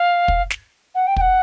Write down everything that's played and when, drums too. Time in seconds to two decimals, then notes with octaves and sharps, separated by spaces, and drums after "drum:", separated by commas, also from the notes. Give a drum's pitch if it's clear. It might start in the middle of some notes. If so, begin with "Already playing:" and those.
Already playing: F5
0.28 drum: kick
0.50 drum: snare
0.94 F#5
1.06 G5
1.16 G5, drum: kick
1.20 F#5